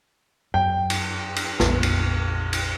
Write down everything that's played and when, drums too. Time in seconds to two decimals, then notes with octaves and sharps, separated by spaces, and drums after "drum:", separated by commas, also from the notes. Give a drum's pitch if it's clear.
0.54 F#2 G5
0.90 drum: cymbal
1.36 drum: cymbal
1.60 A#1 F2 B3, drum: snare
1.83 drum: cymbal
2.53 drum: cymbal